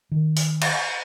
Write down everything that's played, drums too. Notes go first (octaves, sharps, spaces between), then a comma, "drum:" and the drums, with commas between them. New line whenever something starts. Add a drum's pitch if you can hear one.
D#3
drum: open hi-hat
drum: cymbal